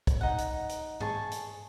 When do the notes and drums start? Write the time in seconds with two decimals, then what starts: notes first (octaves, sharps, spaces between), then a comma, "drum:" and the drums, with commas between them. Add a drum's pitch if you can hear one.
0.07 drum: kick, hi-hat
0.21 D#4 F#5
0.38 drum: hi-hat
0.69 drum: hi-hat
1.00 G#4 A5 C#6, drum: tom G#2
1.31 drum: hi-hat